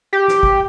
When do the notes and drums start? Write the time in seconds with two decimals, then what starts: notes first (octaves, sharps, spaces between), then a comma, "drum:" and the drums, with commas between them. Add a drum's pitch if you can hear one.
0.13 G4
0.28 drum: snare
0.43 drum: kick